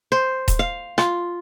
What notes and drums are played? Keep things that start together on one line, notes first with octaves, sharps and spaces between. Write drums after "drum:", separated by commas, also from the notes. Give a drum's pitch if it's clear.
C5
drum: kick D#1, hi-hat
F5
F4, drum: rim click